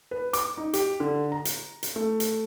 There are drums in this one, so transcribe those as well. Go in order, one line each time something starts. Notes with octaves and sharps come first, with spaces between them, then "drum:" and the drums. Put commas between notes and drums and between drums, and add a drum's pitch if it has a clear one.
B4
D6, drum: hi-hat
D#4
G4, drum: hi-hat
D3
A#5
drum: hi-hat
drum: hi-hat
A3
drum: hi-hat